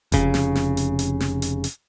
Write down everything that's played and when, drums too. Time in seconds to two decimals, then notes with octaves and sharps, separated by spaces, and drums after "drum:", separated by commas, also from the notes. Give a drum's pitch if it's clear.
0.12 F1 C#3, drum: kick F#1, hi-hat
0.34 drum: snare
0.55 drum: snare
0.77 drum: hi-hat
0.99 drum: hi-hat
1.20 drum: snare
1.42 drum: hi-hat
1.64 drum: hi-hat